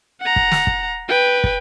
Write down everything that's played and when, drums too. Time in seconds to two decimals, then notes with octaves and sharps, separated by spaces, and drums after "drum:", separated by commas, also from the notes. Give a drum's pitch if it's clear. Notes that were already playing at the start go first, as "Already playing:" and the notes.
0.21 F#5 A#5
0.36 drum: kick
0.52 drum: snare
0.67 drum: kick
1.09 B4 G5
1.44 drum: kick